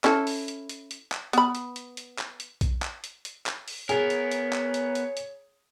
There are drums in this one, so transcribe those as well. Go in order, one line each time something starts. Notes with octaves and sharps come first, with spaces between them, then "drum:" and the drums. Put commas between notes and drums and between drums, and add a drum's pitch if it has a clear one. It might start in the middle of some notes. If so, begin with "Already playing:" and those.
C#4 E4 A4, drum: clap
drum: open hi-hat
drum: hi-hat
drum: hi-hat
drum: hi-hat
drum: clap
B3 B5, drum: hi-hat
drum: hi-hat
drum: hi-hat
drum: hi-hat
drum: clap
drum: hi-hat
drum: kick, hi-hat
drum: clap
drum: hi-hat
drum: hi-hat
drum: clap
drum: open hi-hat
B3 G#4 A#4 C#5, drum: hi-hat
drum: hi-hat
drum: hi-hat
drum: clap
drum: hi-hat
drum: hi-hat
drum: hi-hat